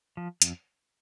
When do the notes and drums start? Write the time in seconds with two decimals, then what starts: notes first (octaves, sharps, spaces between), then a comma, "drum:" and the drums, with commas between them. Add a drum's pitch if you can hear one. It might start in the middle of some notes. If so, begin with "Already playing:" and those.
0.17 F3
0.42 F2, drum: hi-hat